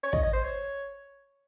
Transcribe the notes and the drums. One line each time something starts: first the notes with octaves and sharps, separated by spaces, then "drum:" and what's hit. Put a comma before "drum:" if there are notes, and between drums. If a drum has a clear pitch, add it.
C#5
D#5, drum: kick
D#5
C5
C#5